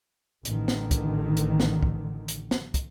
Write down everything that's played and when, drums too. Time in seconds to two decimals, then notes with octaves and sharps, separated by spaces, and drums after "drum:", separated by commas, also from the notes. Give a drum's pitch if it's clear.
0.45 A1 D3 D#3, drum: hi-hat
0.68 drum: snare
0.91 drum: kick, hi-hat
1.37 drum: hi-hat
1.60 drum: snare
1.83 drum: kick
2.28 drum: hi-hat
2.51 drum: snare
2.74 drum: kick, hi-hat